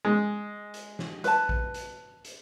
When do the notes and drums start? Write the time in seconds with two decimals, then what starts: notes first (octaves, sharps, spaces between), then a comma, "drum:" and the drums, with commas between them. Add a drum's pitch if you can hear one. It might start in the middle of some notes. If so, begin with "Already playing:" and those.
0.05 G#3
0.74 drum: hi-hat
0.99 drum: snare
1.24 B4 A5, drum: hi-hat
1.49 drum: kick A#1
1.74 drum: hi-hat
2.25 drum: hi-hat